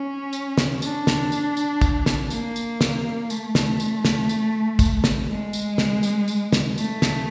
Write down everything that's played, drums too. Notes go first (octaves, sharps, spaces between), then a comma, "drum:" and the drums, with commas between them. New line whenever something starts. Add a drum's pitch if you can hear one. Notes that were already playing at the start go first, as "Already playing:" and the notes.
Already playing: C#4
drum: tambourine
drum: snare
D4, drum: tambourine
drum: snare
drum: tambourine
drum: tambourine
drum: kick, tambourine
drum: snare
A#3, drum: tambourine
drum: tambourine
drum: snare
A3, drum: tambourine
drum: snare
drum: tambourine
drum: snare
drum: tambourine
drum: kick, tambourine
drum: snare
G#3
drum: tambourine
drum: snare
drum: tambourine
drum: tambourine
drum: snare
A3, drum: tambourine
drum: snare